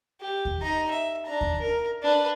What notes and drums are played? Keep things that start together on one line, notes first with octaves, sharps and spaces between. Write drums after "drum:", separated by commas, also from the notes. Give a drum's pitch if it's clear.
G4
drum: kick D#2
D#4 A#5
E5
D4 A#5
drum: kick D#2
A#4
D4 B4